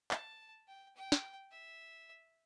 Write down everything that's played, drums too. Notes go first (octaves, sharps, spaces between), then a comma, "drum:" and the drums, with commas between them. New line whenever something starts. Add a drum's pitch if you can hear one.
A5, drum: clap
G5
G5
drum: snare
E5